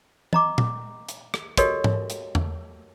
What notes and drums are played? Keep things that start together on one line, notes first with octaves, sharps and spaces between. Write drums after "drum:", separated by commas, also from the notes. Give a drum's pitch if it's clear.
D#5 A#5 D6, drum: tom E3
drum: tom A#2
drum: hi-hat
drum: rim click
F#4 G4 A4 A#4 C#5 D#5, drum: kick, hi-hat
drum: tom G#2
drum: hi-hat
drum: tom E2